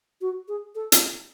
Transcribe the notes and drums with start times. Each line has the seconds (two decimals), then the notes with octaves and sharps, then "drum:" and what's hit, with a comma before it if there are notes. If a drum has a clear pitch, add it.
0.21 F#4
0.48 G#4
0.75 A4
0.92 drum: hi-hat